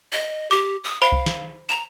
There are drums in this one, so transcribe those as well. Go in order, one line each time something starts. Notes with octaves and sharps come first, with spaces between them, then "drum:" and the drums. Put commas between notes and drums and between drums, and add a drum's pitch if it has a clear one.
D#5
G4 D6
D#6
C5 F5 B5 D7
drum: kick C2
drum: snare
A#5 E7 F7